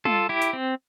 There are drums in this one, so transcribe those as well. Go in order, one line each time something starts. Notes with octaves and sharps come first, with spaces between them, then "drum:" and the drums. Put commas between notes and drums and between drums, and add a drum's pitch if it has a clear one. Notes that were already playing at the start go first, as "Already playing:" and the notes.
F4 A4, drum: tom G3
E4 G4
drum: hi-hat
C4